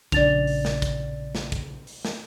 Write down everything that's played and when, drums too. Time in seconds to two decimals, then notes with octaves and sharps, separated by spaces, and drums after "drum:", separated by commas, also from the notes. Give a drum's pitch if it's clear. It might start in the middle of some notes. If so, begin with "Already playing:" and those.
0.12 A#1 C#3 D4 D5 A6 F7, drum: kick, hi-hat
0.47 drum: open hi-hat
0.65 drum: snare
0.82 drum: kick, hi-hat
1.35 drum: snare
1.52 drum: kick, hi-hat
1.87 drum: open hi-hat
2.05 drum: snare